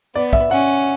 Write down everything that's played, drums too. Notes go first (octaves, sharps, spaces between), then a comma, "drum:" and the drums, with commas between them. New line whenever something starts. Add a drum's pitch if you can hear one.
B3 D5
E5, drum: kick
C#4 F#5